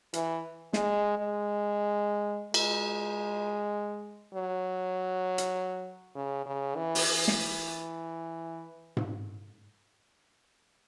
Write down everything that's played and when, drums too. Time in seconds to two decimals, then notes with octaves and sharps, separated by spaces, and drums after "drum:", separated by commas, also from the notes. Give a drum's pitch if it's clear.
0.13 E3, drum: hi-hat
0.73 G#3, drum: snare
1.18 G#3
2.54 G#3, drum: cymbal
4.34 F#3
5.38 drum: hi-hat
6.15 C#3
6.46 C#3
6.75 E3
6.95 drum: open hi-hat
7.06 E3
7.28 drum: snare
8.97 drum: tom G#2